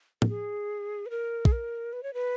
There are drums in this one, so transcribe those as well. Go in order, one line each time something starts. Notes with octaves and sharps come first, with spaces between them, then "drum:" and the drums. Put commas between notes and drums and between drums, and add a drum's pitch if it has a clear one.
A#4, drum: tom
G#4
B4
A#4
G#4, drum: kick
A#4
B4
C#5
B4